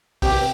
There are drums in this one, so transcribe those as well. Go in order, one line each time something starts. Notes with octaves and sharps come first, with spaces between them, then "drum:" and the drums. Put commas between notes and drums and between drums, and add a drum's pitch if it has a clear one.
C3 G4, drum: kick, open hi-hat